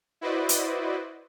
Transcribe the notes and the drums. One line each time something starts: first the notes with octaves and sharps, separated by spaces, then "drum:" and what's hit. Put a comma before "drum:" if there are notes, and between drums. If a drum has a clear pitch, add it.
E4 F#4 B4 C5 D5 D#5
drum: hi-hat